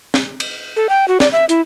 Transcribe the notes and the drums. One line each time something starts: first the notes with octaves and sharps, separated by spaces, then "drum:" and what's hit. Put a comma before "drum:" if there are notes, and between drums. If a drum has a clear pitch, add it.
drum: snare
drum: cymbal
A4
G5
F#4
D5, drum: snare
E5
E4, drum: hi-hat